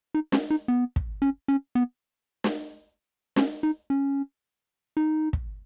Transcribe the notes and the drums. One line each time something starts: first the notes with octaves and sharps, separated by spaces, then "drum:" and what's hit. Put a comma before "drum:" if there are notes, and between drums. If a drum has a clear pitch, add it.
D#4
C#4, drum: snare
D#4
B3
drum: kick
C#4
C#4
B3
drum: snare
C#4, drum: snare
D#4
C#4
D#4
drum: kick